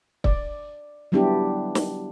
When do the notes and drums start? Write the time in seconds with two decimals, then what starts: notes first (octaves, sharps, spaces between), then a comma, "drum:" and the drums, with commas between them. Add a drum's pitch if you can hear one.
0.24 D5, drum: kick
1.12 F#3 G3 B3 D4 E4 G4
1.75 drum: snare